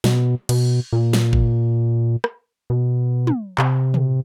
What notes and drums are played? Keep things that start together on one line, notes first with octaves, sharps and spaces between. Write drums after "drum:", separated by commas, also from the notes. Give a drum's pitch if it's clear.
B2, drum: snare
B2, drum: cymbal
A#2
drum: snare
drum: kick
drum: rim click
B2
drum: tom
C3, drum: clap
drum: tom